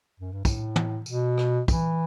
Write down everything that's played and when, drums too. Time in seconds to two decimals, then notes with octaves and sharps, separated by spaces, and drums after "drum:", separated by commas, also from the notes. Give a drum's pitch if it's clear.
0.20 F#2
0.33 G2
0.45 A2, drum: kick, tambourine
0.76 drum: tom
1.06 B2, drum: tambourine
1.38 drum: rim click
1.68 E3, drum: kick, tambourine